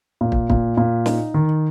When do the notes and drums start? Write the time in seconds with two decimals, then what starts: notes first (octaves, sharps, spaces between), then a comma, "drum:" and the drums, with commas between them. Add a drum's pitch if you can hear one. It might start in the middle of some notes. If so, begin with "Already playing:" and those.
0.21 A#2
0.32 drum: kick
0.50 A#2, drum: kick
0.77 A#2
1.06 D#4, drum: snare
1.34 D#3